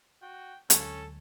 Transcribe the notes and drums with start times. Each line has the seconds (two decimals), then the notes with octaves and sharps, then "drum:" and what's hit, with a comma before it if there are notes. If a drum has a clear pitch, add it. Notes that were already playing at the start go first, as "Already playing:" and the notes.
0.22 F#4 G5
0.70 D2 F#3 G#3 C#4 A4, drum: hi-hat